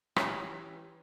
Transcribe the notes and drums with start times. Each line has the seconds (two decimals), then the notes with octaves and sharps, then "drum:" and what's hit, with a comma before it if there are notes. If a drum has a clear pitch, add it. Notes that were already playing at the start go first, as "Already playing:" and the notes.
0.16 E3 C#4 G4 A#5, drum: rim click